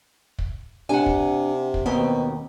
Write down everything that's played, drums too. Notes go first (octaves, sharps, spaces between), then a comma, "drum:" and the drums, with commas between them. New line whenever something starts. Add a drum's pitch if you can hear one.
drum: kick
C3 D4 F#5 G#5
drum: kick
drum: kick
D#2 B2 C4